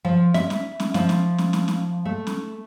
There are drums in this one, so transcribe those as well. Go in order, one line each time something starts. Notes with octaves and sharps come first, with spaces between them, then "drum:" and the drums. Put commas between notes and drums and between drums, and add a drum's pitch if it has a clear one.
F3
E5, drum: snare
drum: snare
drum: snare
F3, drum: snare
drum: snare
drum: snare
drum: snare
drum: snare
A3
drum: snare